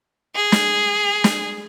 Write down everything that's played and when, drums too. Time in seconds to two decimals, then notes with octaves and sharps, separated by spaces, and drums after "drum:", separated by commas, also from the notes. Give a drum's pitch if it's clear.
0.35 G#4
0.52 drum: snare
1.24 drum: snare